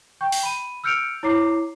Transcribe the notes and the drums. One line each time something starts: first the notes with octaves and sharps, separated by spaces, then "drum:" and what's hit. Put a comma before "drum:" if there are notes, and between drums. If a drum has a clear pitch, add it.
G5 C#6 G6
drum: open hi-hat
B5 D#7
E6 F6 G6 C#7 D7 F7
E4 C#5 A#5 D6 C7